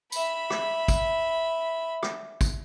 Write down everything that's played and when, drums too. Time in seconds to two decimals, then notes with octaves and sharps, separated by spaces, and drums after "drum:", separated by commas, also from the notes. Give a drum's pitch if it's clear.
0.12 E5 B5, drum: tambourine
0.50 drum: rim click
0.88 drum: kick G#1, tambourine
2.03 drum: rim click
2.41 drum: kick G#1, tambourine